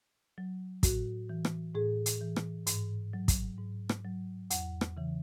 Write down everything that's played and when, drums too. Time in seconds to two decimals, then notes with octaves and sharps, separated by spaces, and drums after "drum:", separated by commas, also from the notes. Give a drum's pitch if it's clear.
0.38 F#3
0.83 A2 F#4, drum: kick, hi-hat
1.29 E3
1.45 drum: rim click
1.75 A2 G#4
2.06 drum: hi-hat
2.21 E3
2.36 drum: rim click
2.67 G#2, drum: hi-hat
3.13 F#3
3.28 drum: kick, hi-hat
3.59 G#2
3.89 drum: rim click
4.05 F#3
4.50 E2 F#5, drum: hi-hat
4.81 drum: rim click
4.97 C#3 E3